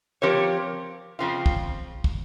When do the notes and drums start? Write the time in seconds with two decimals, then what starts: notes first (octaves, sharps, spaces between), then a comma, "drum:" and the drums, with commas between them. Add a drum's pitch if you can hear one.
0.22 F3 C4 G4 A#4 C#5
1.19 F2 C#3 F3 C4 F4
1.46 drum: kick
2.04 drum: kick